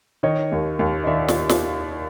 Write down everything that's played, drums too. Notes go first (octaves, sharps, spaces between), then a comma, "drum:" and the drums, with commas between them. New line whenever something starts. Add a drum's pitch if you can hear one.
D#3 C#5 D#5
D#2
D#2
D#5
D#3 D5 E5
drum: snare
drum: snare